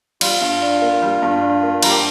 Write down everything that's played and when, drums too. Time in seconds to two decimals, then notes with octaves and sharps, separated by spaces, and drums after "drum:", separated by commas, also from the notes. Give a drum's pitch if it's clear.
0.21 G3 F4, drum: cymbal
0.41 G2
0.62 D4
0.81 A#3
1.02 G3
1.22 G2
1.42 D4
1.63 A#3
1.83 G3 A#4, drum: cymbal
1.89 G4